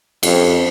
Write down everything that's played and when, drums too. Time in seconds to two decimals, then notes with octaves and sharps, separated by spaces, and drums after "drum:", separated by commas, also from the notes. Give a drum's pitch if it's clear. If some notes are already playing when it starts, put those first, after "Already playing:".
0.23 F2, drum: cymbal